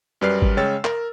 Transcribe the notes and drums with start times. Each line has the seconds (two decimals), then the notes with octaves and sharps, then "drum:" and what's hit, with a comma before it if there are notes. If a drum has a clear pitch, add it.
0.21 F#2 G3 B4 D5 F6 C7
0.42 drum: kick G#1
0.57 C#3 G#3 C#5 G5 E6 A6
0.85 A#4, drum: clap